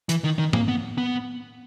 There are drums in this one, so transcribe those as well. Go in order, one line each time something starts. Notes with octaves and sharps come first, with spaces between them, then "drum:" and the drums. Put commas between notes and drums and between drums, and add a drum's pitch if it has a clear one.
E3, drum: hi-hat
D#3
D#3
A#3, drum: tom A2
B3
B3